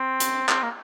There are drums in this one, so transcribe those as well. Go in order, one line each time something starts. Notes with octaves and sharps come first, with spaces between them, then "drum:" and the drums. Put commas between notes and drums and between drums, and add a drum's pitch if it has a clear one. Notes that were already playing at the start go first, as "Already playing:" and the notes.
Already playing: C4
drum: hi-hat
C4, drum: clap
A#3